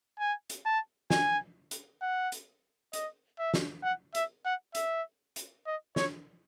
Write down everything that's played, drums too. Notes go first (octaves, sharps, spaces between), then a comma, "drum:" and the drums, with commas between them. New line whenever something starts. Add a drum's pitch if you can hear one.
G#5
drum: hi-hat
A5
G#5, drum: snare
drum: hi-hat
F#5
drum: hi-hat
D#5, drum: hi-hat
E5
drum: snare
F#5
E5, drum: hi-hat
F#5
E5, drum: hi-hat
drum: hi-hat
D#5
C#5, drum: snare